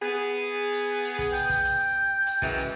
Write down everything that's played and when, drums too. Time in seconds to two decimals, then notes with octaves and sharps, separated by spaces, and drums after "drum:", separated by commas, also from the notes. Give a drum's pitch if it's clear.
0.02 B3 G#4
0.72 drum: hi-hat
1.03 drum: hi-hat
1.19 drum: kick, hi-hat
1.33 G5, drum: hi-hat
1.50 drum: kick, hi-hat
1.65 drum: hi-hat
2.27 drum: hi-hat
2.42 F#2 E3 G#3, drum: kick, hi-hat
2.57 drum: hi-hat